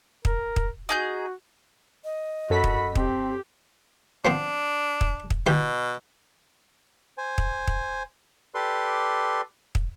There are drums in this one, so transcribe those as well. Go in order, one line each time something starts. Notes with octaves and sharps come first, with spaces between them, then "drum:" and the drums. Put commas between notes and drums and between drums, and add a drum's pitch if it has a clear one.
A#4, drum: kick
drum: kick
D#4 F#4 G#4 G6
D#5
F#2 F#4 A4 B5 B6
drum: kick
C4 G4, drum: kick
F3 B3 C4 D4
drum: kick
drum: kick
B2 E3 G4
C5 G#5
drum: kick
drum: kick
G4 A4 B4 D5 C6
drum: kick